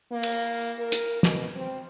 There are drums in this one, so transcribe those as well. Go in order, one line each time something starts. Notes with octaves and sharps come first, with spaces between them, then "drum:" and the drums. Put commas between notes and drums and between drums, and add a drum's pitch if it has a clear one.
A#3
drum: cymbal
A#4
drum: hi-hat
B2, drum: snare
C4